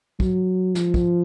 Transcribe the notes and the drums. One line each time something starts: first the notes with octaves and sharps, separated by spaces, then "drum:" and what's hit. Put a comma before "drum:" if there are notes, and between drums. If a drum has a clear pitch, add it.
F#3, drum: kick
F3, drum: snare
drum: kick